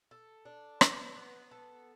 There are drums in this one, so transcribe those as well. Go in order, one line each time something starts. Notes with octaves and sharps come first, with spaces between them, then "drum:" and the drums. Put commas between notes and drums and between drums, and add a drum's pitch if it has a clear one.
A4
D4
B3, drum: rim click
B3
A4